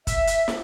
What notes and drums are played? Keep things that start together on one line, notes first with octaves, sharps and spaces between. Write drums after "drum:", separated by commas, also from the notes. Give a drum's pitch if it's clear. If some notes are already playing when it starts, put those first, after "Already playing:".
E5, drum: kick, hi-hat
drum: hi-hat
drum: snare